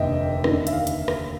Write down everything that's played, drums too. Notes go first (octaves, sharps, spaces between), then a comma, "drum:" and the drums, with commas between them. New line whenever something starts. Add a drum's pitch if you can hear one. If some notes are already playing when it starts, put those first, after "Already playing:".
Already playing: F1 D#2 D3 D#5 E5 G5
D#2 D3, drum: rim click
E5, drum: hi-hat
F5
drum: hi-hat
drum: rim click